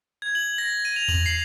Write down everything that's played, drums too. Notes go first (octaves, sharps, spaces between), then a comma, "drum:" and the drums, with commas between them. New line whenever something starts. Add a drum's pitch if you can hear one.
G#6
F#7
A#6
D#7
F7
F#7, drum: tom E2
C7